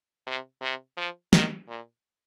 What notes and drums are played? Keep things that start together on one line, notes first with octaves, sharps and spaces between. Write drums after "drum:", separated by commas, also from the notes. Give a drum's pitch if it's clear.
C3
C3
F3
D#3, drum: snare
A#2